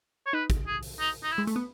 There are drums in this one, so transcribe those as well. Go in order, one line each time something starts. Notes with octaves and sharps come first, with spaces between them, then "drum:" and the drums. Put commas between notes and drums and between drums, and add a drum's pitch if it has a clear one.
C#5
D#4 B4
drum: kick G#1, hi-hat
G#4
drum: open hi-hat
D#4
D#4
E4
G#3
A3, drum: hi-hat
B3